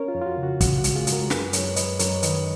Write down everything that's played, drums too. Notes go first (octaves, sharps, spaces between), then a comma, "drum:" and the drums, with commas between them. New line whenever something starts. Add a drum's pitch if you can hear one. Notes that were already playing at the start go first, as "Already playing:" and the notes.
Already playing: C#4 A#4 C#5
F4
F2
F4
F#4
C#3
F#4
C#3 F#4, drum: kick, hi-hat
F#4
G#3, drum: hi-hat
F#4
F4 G#4
G#3, drum: hi-hat
F#4 A#4
F#2 G#4 B4, drum: snare
F#2 A#4 C#5, drum: hi-hat
F#2 B4 D#5, drum: hi-hat
F#2 A#4 C#5, drum: hi-hat
D#3 B4 D#5, drum: hi-hat